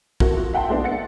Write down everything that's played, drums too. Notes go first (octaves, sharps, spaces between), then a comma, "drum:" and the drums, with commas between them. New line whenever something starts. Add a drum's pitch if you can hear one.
C4 E4 F#4 A4 A#4, drum: kick
F4 F#4
E5 F#5 G5 A5 C6
G#3 A3 B3 D4 E4
E5 F#5 A6 C#7